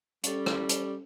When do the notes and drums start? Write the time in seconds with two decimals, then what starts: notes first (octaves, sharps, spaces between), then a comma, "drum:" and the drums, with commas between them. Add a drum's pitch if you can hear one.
0.24 G3 C#4 A4, drum: hi-hat
0.46 drum: rim click
0.69 drum: hi-hat